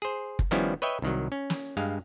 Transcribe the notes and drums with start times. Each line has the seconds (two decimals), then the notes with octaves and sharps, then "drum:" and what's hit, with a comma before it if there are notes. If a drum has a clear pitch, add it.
0.02 G#4 C5
0.39 drum: kick
0.51 D#3 F3 G3 B3 C#4 E4
0.82 B4 C#5 D#5 E5 G5
1.02 C2 D#3 F#3
1.32 C#4
1.50 drum: snare
1.77 G2 G#3 F5